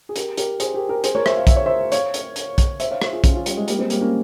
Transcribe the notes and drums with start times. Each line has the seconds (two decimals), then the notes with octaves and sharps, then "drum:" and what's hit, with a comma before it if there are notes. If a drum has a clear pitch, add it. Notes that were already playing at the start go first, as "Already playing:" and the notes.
0.09 G#4
0.16 G4 A#4, drum: hi-hat
0.37 G4 A#4, drum: hi-hat
0.60 G#4 C5, drum: hi-hat
0.74 G4 A#4
0.89 G4 A#4
1.04 G#4 C5, drum: hi-hat
1.15 A#4 C#5
1.26 C5 E5, drum: rim click
1.37 F5
1.47 E5, drum: kick, hi-hat
1.56 C#5
1.66 C5 E5
1.92 C#5 F5, drum: hi-hat
2.14 drum: hi-hat
2.36 drum: hi-hat
2.58 drum: kick, hi-hat
2.80 C5 E5, drum: hi-hat
2.91 C#5 F5
3.02 C5 E5, drum: rim click
3.13 F4 G#4
3.24 C#4 F4, drum: kick, hi-hat
3.35 C#4 F4
3.46 G3, drum: hi-hat
3.57 G#3
3.68 G3 A#3, drum: hi-hat
3.79 G#3 C4
3.90 G3 A#3, drum: hi-hat
4.01 A#3 C#4